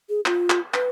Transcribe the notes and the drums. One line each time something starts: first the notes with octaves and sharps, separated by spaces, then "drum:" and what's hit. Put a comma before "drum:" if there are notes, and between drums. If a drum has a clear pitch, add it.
G#4
F4, drum: clap
drum: clap
B4, drum: clap